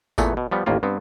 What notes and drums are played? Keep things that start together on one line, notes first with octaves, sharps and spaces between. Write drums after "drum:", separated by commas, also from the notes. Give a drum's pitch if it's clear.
E2 A#2 E3 A3 B3, drum: kick G#1, tambourine
B2
F3 G3 B3
A1 D#2 A2 A#3 F4
G2 B3 C4